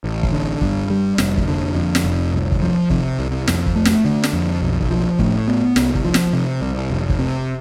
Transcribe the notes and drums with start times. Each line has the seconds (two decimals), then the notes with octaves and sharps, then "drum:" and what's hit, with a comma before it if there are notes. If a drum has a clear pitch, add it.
0.04 A1
0.23 drum: kick
0.32 D3
0.61 G2, drum: kick
0.90 G3
1.18 F1, drum: snare
1.38 drum: kick
1.48 D3
1.75 F2
1.95 drum: snare
2.04 F1
2.33 C2
2.52 drum: kick
2.62 F3
2.90 C3, drum: kick
3.19 C2
3.47 F2, drum: snare
3.66 drum: kick
3.76 A3
3.85 drum: snare
4.05 D3
4.23 drum: snare
4.33 F2
4.62 B1
4.81 drum: kick
4.90 F3
5.19 A2, drum: kick
5.48 B3
5.76 C2, drum: snare
5.95 drum: kick
6.05 F3
6.14 drum: snare
6.33 C3
6.61 C2
6.90 F1
7.09 drum: kick
7.19 C3